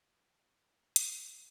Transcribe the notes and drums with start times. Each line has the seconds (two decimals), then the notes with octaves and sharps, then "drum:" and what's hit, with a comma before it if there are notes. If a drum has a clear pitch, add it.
0.13 F#3
0.96 drum: hi-hat